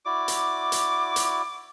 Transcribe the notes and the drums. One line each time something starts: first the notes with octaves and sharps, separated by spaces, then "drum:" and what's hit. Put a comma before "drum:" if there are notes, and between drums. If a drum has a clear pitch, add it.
E4 F#4 D5 D6
drum: hi-hat
drum: hi-hat
drum: hi-hat